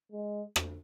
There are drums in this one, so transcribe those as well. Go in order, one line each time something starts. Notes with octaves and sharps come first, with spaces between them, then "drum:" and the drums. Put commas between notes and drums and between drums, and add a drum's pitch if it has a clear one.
G#3
drum: rim click